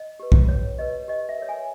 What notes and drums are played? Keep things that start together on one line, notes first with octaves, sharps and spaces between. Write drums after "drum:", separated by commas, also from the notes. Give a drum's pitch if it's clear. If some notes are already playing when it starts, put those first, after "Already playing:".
Already playing: D#5
G4 B4
drum: kick
C#4 C#5
G4 B4 D#5
G4 D#5
E5
A#4 C#5
G#5